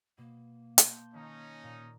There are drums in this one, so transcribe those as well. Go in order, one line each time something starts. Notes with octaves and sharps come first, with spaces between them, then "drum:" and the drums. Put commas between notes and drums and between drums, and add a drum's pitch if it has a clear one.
B2 A#3
A5 C6 G6, drum: hi-hat
D#3 C#4 D#4
A#2